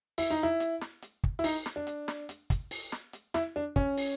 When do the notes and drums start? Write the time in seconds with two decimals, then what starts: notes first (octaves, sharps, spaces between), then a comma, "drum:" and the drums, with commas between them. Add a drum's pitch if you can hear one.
0.18 E4, drum: open hi-hat
0.30 D#4
0.43 E4
0.60 drum: hi-hat
0.81 drum: snare
1.02 drum: hi-hat
1.24 drum: kick
1.39 E4
1.44 D#4, drum: open hi-hat
1.66 drum: snare
1.76 D4
1.87 drum: hi-hat
2.08 drum: snare
2.29 drum: hi-hat
2.50 drum: kick, hi-hat
2.71 drum: open hi-hat
2.92 drum: snare
3.13 drum: hi-hat
3.34 E4, drum: snare
3.56 D4
3.76 C#4, drum: kick
3.98 drum: open hi-hat